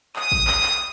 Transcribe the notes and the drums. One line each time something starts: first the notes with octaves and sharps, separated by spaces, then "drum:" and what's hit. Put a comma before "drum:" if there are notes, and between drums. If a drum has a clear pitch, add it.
D#6, drum: clap
drum: kick A1
drum: clap
drum: clap